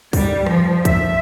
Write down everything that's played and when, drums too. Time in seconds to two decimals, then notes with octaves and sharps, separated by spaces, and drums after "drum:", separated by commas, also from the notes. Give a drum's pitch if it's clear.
0.13 G3, drum: kick, open hi-hat
0.46 F3, drum: rim click
0.85 E5, drum: kick, hi-hat